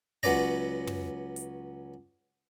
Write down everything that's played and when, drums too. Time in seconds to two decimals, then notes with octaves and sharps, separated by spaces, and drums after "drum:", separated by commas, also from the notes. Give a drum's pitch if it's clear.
0.23 C#2 F#3 B3 C#4 D5 A#5, drum: kick
0.87 drum: tom
1.36 drum: hi-hat